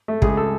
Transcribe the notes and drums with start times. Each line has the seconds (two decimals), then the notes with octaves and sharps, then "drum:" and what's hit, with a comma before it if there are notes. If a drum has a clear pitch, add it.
0.08 A3
0.22 C#2 G#4, drum: kick
0.37 A4